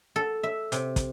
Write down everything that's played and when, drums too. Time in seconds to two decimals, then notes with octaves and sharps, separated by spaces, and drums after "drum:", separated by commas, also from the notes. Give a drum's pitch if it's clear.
0.16 A4
0.43 E5
0.72 C3, drum: hi-hat
0.96 drum: kick, hi-hat